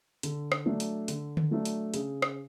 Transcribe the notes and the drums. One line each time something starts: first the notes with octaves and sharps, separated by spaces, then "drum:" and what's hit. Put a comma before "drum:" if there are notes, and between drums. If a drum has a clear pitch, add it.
D3, drum: hi-hat
drum: rim click
F#3 A3 D4
drum: hi-hat
D3, drum: hi-hat
drum: tom D3
F#3 A3 D4
drum: hi-hat
C#3, drum: hi-hat
drum: rim click